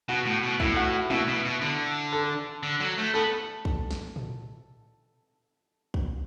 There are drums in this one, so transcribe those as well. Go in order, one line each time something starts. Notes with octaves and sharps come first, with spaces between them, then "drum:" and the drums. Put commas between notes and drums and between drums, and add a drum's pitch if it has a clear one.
B2 F#4
A2
B2
A2 E4, drum: kick
F#4
B2 E4, drum: tom
B2
B2
D3
A4
D3
F#3
A3
B3 A4
drum: kick
drum: snare
drum: tom
drum: kick